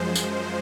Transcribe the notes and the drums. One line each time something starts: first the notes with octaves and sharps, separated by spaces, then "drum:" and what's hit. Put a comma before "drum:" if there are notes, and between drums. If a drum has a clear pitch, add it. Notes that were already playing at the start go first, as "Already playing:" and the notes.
Already playing: F#2 F3 G#3 C5
drum: tambourine